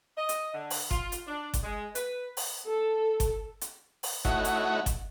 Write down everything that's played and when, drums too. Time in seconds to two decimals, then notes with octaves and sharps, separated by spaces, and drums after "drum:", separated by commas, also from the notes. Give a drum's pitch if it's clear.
0.17 D#5
0.29 drum: hi-hat
0.54 D3
0.70 drum: open hi-hat
0.91 F4, drum: kick G1
1.12 drum: hi-hat
1.27 D4
1.54 drum: kick G1, hi-hat
1.63 G#3
1.95 B4, drum: hi-hat
2.37 drum: open hi-hat
2.65 A4
3.20 drum: kick G1, hi-hat
3.61 drum: hi-hat
4.03 drum: open hi-hat
4.25 A3 D#4 E4 F#4 C#5 F#5, drum: kick G1
4.45 drum: hi-hat
4.86 drum: kick G1, hi-hat